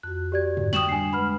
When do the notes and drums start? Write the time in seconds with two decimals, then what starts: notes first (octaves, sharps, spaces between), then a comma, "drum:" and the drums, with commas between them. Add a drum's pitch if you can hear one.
0.03 F2 F#4 F#6
0.32 G4 D5 G#6
0.57 D3, drum: tom G2
0.73 G5 C#6 D#6 E7 F#7, drum: snare
0.89 G3 D4 G#5 C7
1.13 G#3 B4 F#5 B5 F6